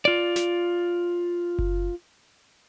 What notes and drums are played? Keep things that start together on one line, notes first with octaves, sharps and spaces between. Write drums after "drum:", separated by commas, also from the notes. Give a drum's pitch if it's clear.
F4 D5
drum: snare
drum: kick F#1